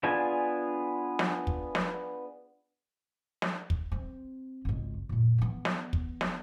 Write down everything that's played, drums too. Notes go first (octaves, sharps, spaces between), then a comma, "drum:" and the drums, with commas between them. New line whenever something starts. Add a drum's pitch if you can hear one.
B3 D4 F4 G#4 G#5
drum: snare
drum: kick
drum: snare
drum: snare
drum: kick
C4
G#1 C#2
F#2 A#2
E3 B3
drum: snare
drum: kick
drum: snare